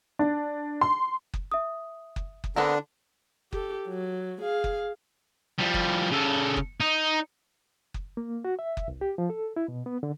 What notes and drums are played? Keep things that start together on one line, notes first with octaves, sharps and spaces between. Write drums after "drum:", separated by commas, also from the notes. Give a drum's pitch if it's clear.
D4
C6
drum: kick F#1
E5 D#6
drum: kick F#1
drum: kick F#1
D3 B3 C4 D4 A#4
G4 A4, drum: kick F#1
F#3
G#4 F5
drum: kick F#1
F3 G3
drum: kick F#1
C#3 A4
drum: kick F#1
D#4
drum: kick F#1
A#3
F#4
E5
drum: kick F#1
C2
G4
F3
A4
E4
B2
B3
D3